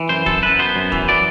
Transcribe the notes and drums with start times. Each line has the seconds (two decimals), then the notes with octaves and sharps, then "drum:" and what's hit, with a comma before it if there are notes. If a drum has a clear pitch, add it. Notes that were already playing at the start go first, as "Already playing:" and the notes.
Already playing: E3
0.09 F#2 C5
0.26 F#2 A4, drum: kick
0.42 F#2 B4
0.59 B3 C5
0.76 F#2
0.92 E3, drum: kick
1.08 F#3 D5